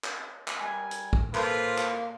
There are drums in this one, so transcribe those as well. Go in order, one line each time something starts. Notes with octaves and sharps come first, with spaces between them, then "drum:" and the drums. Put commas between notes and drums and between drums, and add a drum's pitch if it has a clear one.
drum: clap
drum: clap
G3 A#4 G#5
drum: hi-hat
drum: kick
A#3 F4 A4 B4 C5, drum: clap
drum: clap